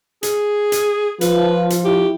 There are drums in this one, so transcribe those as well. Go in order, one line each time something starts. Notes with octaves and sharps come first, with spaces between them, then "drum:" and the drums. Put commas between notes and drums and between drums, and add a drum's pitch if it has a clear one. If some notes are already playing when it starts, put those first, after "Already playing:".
G#4, drum: hi-hat
drum: hi-hat
F3 F4 B4, drum: hi-hat
drum: hi-hat
E4 G4